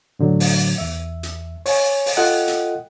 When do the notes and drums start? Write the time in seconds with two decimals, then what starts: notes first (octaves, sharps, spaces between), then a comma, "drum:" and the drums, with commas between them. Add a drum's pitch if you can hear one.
0.19 A2 D3 F#3
0.40 drum: open hi-hat
0.78 E2 E5
1.23 drum: hi-hat
1.66 C#5 G#5, drum: open hi-hat
2.06 drum: open hi-hat
2.17 F4 A4 D#5 F#5 G5
2.48 drum: hi-hat